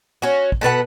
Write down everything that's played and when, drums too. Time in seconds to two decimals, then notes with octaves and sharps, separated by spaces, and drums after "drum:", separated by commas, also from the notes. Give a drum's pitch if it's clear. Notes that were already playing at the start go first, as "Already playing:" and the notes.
0.22 C#4 F#4
0.52 drum: kick
0.61 B2 A4 B4 F#5